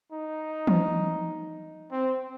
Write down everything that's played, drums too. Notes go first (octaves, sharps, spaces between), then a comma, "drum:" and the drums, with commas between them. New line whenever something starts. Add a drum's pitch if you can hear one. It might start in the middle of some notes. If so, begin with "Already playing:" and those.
D#4
drum: tom E3
C4